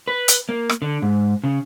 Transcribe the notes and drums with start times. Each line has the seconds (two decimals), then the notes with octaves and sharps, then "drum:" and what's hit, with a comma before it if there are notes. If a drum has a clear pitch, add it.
0.08 B4
0.28 drum: hi-hat
0.49 A#3
0.69 drum: rim click
0.82 D3
1.02 G#2
1.44 C#3